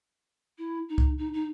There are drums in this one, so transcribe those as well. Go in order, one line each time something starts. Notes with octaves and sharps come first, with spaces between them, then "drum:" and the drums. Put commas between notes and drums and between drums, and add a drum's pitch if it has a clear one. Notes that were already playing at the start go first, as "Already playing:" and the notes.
E4
D#4
drum: kick C#2
D#4
D#4